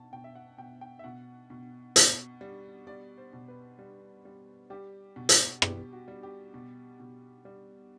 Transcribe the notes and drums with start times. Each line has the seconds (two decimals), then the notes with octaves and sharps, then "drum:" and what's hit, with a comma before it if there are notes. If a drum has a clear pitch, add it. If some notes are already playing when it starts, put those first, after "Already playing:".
Already playing: B2 A5
0.13 B2 G5
0.24 E5
0.35 F#5
0.58 B2 G5
0.81 G5
0.99 E5
1.04 B2 F#5
1.50 B2
1.96 B2, drum: hi-hat
2.41 G3
2.87 G3 D5
3.18 C5
3.33 B2
3.48 B4
3.79 G3
4.25 G3
4.70 G3 G4
5.16 B2
5.29 drum: hi-hat
5.62 B2 G4, drum: rim click
5.92 F#4
6.08 G3
6.23 G4
6.54 B2
7.00 B2
7.45 G3